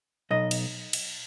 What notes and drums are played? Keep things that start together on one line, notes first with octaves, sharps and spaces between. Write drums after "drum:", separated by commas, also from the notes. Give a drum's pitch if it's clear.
B1 D#5
drum: cymbal
drum: cymbal